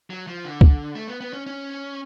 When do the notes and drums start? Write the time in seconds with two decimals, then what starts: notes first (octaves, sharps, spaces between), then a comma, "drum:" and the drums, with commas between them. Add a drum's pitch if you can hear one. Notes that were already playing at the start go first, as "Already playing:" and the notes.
0.10 F#3
0.27 F3
0.44 D3
0.61 drum: kick
0.95 A3
1.08 B3
1.21 B3
1.33 C#4
1.46 C#4